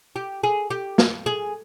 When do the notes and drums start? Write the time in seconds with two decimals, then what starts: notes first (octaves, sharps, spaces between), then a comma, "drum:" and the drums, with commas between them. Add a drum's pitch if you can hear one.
0.16 G4
0.43 G#4
0.70 G4
0.98 drum: snare
1.26 G#4